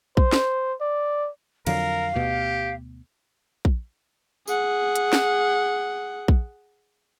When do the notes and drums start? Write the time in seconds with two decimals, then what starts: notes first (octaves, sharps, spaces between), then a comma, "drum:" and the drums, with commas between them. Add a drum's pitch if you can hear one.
0.17 C5, drum: kick A#1
0.33 drum: snare
0.81 D5
1.67 F2 D3 F#3 A#4 F5, drum: cymbal
2.15 D2 B2 G4
3.65 drum: kick A#1
4.47 G#4 F#5, drum: tambourine
4.96 drum: hi-hat
5.13 drum: snare
6.28 drum: kick A#1